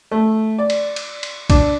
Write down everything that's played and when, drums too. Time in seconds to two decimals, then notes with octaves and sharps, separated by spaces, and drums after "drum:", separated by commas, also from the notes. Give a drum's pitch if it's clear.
0.11 A3
0.58 D5
0.70 drum: cymbal
0.96 drum: cymbal
1.23 drum: cymbal
1.50 D4, drum: kick B1, cymbal